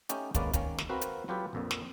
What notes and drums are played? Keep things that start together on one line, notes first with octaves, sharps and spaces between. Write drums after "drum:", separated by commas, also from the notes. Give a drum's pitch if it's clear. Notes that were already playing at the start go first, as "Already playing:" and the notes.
A3 C#4 D#4 G4, drum: hi-hat
G#1 G#3 A#3 C#4 B4 D5, drum: kick, hi-hat
D#3 A#3 C#4, drum: kick, hi-hat
drum: snare
C4 F#4 A#4 B4 F5
drum: hi-hat
F#3 F4 G4 A4 B4
A#1 F2 A#2
drum: snare